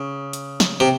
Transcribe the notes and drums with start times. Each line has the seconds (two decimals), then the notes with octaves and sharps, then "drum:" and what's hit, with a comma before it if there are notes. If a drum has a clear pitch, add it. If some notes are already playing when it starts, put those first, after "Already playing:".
Already playing: C#3
0.33 drum: hi-hat
0.60 drum: snare
0.80 C3